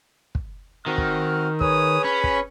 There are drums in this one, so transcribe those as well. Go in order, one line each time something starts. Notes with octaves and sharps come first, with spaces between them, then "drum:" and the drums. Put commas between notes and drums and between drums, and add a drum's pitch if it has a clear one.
drum: kick
D#3 C4 F#4 F6
drum: kick
G#4 B4 C#5 D#6, drum: kick
C#4 B5
drum: kick